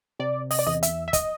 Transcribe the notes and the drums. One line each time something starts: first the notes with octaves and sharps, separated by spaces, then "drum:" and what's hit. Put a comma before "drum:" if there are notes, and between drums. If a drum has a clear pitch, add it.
C3 D5
D#5, drum: open hi-hat
D5
E2 D#5
E5, drum: hi-hat
E5
D#5, drum: kick, hi-hat